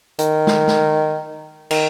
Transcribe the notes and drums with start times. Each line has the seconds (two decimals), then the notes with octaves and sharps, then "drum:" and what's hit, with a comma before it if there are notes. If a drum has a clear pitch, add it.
0.19 D#3, drum: hi-hat
0.47 drum: snare
0.67 drum: snare
1.71 D#3, drum: cymbal